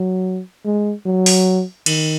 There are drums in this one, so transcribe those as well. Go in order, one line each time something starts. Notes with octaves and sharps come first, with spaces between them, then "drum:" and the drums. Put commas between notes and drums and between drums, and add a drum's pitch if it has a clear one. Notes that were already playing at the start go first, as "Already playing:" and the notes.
Already playing: F#3
G#3
F#3
drum: open hi-hat
D#3, drum: cymbal